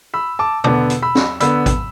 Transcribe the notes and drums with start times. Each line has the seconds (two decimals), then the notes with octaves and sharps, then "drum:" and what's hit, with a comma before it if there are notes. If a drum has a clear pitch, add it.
0.14 B5 E6
0.39 A5 D6
0.64 D3 B3 A5 D6, drum: tom B2
0.90 drum: hi-hat
1.02 B5 E6
1.15 drum: snare
1.40 D3 B3 B5 E6, drum: hi-hat
1.66 drum: kick, hi-hat